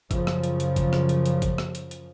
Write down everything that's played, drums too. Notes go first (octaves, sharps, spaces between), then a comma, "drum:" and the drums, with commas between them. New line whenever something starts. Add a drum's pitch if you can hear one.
F#2 C#3 F3, drum: kick G1, hi-hat
drum: rim click
drum: hi-hat
drum: hi-hat
drum: kick G1, hi-hat
drum: rim click
drum: hi-hat
drum: hi-hat
drum: kick G1, hi-hat
drum: rim click
drum: hi-hat
drum: hi-hat